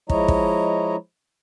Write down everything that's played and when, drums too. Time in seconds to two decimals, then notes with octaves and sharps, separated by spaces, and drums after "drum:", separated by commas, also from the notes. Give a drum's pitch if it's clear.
0.10 F3 G#3 E4 C#5 D#5 A#5, drum: kick
0.28 drum: kick